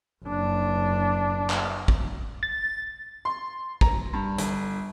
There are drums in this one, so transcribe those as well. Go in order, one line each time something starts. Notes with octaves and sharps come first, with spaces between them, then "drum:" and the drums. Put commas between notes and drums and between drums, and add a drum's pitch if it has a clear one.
F#1 D4
drum: clap
drum: kick
A6
C6
A#5, drum: kick
G2
G1, drum: hi-hat